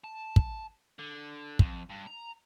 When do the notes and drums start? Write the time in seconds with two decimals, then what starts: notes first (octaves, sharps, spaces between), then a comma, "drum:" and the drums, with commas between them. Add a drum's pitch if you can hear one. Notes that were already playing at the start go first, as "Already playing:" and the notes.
0.04 A5
0.36 drum: kick
0.99 D3
1.59 F2, drum: kick
1.89 G2
2.06 A#5